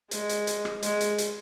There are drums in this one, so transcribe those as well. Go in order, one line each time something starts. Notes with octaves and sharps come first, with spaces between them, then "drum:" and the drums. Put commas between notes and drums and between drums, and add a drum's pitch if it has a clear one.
G#3, drum: hi-hat
drum: hi-hat
drum: hi-hat
drum: rim click
G#3, drum: hi-hat
drum: hi-hat
drum: hi-hat